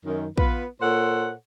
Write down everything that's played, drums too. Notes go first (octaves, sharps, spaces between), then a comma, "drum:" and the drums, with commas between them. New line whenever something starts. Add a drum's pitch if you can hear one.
F#2 D#3
B3 F4 B4, drum: kick
A#2 A4 C5 C#5 F#5